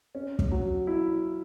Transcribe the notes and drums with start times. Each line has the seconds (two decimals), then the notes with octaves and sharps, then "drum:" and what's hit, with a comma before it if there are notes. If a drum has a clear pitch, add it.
0.15 C#4
0.39 drum: kick
0.51 F#3
0.87 E4